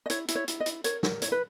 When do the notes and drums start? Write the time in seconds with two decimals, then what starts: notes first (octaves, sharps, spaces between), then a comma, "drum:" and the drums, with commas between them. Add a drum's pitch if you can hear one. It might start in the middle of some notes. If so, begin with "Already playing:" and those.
0.06 D#5
0.10 E4 C#5, drum: hi-hat
0.28 E4, drum: hi-hat
0.35 C#5
0.48 E4, drum: hi-hat
0.60 D#5
0.66 E4, drum: hi-hat
0.84 A#4 C#5, drum: hi-hat
1.03 A#4, drum: snare
1.22 E4 C#5, drum: hi-hat
1.32 B4